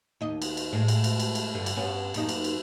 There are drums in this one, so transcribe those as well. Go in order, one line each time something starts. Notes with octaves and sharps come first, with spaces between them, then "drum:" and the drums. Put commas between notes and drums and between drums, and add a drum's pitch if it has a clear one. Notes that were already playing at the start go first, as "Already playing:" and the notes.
D#2 D#5
drum: cymbal
drum: cymbal
A2 G#3
drum: cymbal
drum: cymbal
drum: cymbal
drum: cymbal
G2 D3
drum: cymbal
G2 B3 C#4
F#2 A#3 D#4, drum: cymbal
drum: cymbal
drum: cymbal